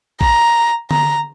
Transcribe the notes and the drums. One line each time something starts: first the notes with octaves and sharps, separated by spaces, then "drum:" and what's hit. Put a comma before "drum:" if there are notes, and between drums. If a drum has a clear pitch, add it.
A#5, drum: kick
A#5, drum: tom D3